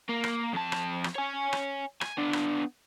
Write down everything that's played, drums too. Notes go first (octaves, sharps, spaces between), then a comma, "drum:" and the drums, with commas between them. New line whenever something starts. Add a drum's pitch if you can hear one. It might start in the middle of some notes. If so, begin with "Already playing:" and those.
A#3
drum: rim click
F2 A5
drum: rim click
drum: rim click
C#5 G#5
drum: rim click
G#5, drum: rim click
B3 D4
drum: rim click